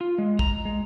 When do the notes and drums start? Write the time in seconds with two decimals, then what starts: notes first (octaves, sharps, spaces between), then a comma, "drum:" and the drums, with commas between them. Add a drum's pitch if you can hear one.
0.01 F4
0.18 G#3
0.39 A#5, drum: kick
0.65 G#3